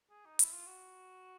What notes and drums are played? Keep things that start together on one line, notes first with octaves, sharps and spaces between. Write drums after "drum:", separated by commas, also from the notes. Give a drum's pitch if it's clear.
G#4
D#4
E4, drum: hi-hat
F4
F#4